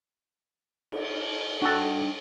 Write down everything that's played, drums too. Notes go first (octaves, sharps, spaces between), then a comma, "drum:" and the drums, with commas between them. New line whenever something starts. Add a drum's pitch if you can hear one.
drum: cymbal
D4 F#4 A4 G5